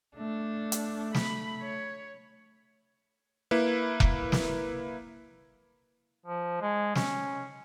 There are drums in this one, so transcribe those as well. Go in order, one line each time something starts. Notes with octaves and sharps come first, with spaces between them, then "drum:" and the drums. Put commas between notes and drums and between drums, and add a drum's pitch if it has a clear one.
A3 D4
drum: hi-hat
B5, drum: snare
C#5
A#3 E4 B4
drum: kick F1
drum: snare
F3
G#3
C#4, drum: snare